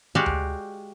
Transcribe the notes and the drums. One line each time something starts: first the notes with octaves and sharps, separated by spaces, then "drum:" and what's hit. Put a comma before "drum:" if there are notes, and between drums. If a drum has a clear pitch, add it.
G#3 F#4 G4 D5 F5
drum: tom D2